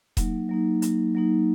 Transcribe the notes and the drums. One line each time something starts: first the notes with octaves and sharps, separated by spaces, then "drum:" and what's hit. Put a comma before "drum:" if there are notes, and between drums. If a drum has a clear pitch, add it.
F#3 A#3 D#4, drum: kick E1, hi-hat
F#3 A#3 D#4
F#3 A#3 D#4, drum: hi-hat
F#3 A#3 D#4